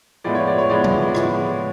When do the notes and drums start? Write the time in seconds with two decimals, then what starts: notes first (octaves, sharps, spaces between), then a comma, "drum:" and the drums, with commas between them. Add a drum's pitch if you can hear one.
0.24 A2 F3 G#3 B3 D5
0.35 C#5
0.47 D5
0.58 C#5
0.69 A2 F3 G#3 B3 D5
0.84 drum: tom
1.15 A2 F3 G#3 B3, drum: rim click